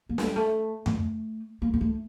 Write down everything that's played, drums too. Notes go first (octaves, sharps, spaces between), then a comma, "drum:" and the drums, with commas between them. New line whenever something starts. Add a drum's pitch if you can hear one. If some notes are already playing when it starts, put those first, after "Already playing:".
A#3
A3, drum: snare
G3
A3
A3, drum: tom F2
A#3
A#3
A3